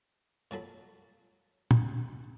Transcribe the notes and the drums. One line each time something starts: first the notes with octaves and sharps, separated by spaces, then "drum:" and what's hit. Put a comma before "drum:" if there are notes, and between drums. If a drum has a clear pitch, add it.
A#2 F#3 A4 B5
drum: tom